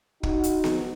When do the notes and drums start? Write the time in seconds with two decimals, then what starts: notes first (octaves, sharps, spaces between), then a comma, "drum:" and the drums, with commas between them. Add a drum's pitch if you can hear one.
0.23 D#4 F#4, drum: kick
0.44 drum: hi-hat
0.64 drum: snare B3